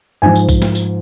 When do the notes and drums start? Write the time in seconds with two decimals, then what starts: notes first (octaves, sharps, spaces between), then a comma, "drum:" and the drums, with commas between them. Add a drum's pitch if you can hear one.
0.22 G#2 F3 G#5
0.35 drum: tambourine
0.49 drum: kick A#1, tambourine
0.62 drum: snare
0.75 drum: tambourine